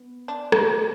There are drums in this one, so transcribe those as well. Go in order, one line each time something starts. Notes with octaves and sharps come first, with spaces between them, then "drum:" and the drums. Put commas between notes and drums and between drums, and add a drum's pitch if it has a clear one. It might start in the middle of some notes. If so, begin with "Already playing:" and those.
Already playing: B3
D4
drum: rim click